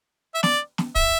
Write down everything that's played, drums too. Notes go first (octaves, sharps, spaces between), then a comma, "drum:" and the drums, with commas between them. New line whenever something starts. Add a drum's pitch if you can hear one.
E5
D5, drum: snare
drum: snare
E5, drum: kick